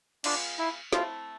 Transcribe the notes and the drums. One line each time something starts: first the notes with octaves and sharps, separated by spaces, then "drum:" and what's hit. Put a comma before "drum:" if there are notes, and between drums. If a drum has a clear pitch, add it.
G#3 B3 D4 F4 G#4, drum: cymbal
E4
A3 C4 E4 F4, drum: snare